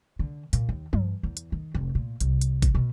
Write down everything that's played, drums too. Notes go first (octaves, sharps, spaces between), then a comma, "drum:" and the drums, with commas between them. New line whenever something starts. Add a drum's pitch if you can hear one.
D3
A#2, drum: hi-hat
D#2
G2, drum: tom
E2
drum: hi-hat
D#3
F1
A#2
C2, drum: hi-hat
drum: hi-hat
drum: kick G#1, hi-hat
B2